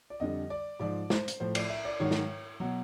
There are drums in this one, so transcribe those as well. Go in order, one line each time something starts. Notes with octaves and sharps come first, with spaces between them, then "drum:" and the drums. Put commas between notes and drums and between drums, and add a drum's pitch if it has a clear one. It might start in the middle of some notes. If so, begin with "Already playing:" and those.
D5
F2 D3 G3 D#5
D5
G#2 F3 D5
C5, drum: snare
drum: hi-hat
A2 F3 C5
D5, drum: cymbal
E5
D5
G#2 D#3 F#3 C#5
drum: snare
B2 F#3